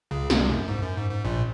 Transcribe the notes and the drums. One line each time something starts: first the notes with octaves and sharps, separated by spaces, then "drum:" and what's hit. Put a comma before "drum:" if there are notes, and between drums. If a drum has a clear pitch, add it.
C#2 C#3
C2 C3, drum: snare
F#2
G#2
F#2
G#2
G#2
A#1 A#2